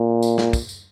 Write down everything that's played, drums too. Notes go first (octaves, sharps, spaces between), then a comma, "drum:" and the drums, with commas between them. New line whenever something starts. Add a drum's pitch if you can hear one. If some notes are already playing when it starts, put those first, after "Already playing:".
Already playing: A#2
drum: tambourine
drum: snare
drum: kick, tambourine
drum: tambourine